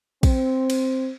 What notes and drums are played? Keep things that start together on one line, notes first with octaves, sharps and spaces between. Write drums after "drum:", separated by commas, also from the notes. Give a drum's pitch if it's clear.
C4, drum: kick, cymbal
drum: cymbal